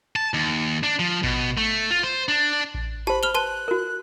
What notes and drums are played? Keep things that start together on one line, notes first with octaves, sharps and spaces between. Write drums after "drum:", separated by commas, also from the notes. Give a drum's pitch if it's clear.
A5
D#2
D4
F3
B2, drum: kick A1
A3
F4
C5
D4
drum: kick A1
G4 C5 A5 B5
B5 F6 F7 G7
B4 A5 C6 F#6 D#7
F#4 A#4